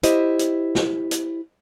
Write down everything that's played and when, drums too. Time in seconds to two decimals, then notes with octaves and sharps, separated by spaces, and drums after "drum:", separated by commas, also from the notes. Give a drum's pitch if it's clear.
0.03 E4 G4 C5 D#5, drum: hi-hat
0.39 drum: hi-hat
0.75 drum: snare
1.11 drum: hi-hat